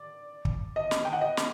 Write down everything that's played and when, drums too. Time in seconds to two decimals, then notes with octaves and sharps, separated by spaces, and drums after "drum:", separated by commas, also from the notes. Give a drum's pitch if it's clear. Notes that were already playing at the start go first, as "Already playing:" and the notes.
Already playing: D5
0.45 drum: kick
0.76 D#5
0.91 drum: snare
1.05 G5
1.13 F#5
1.21 D#5
1.37 drum: snare